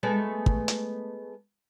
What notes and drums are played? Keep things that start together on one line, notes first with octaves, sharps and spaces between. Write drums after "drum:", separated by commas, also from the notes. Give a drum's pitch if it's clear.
G#3 A3 B3
drum: kick
drum: hi-hat